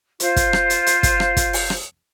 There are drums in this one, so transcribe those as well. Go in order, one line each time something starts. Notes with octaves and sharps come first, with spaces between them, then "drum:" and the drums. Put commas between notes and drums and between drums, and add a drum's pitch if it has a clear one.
F4 C5, drum: hi-hat
drum: kick, hi-hat
drum: rim click
drum: hi-hat
drum: hi-hat
drum: kick, hi-hat
drum: rim click
drum: kick, hi-hat
drum: open hi-hat
drum: rim click